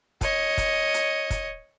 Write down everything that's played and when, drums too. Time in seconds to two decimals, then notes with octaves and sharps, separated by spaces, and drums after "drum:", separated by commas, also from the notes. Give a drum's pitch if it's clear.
0.21 C#5 D#5, drum: kick, hi-hat
0.58 drum: kick, hi-hat
0.94 drum: hi-hat
1.31 drum: kick, hi-hat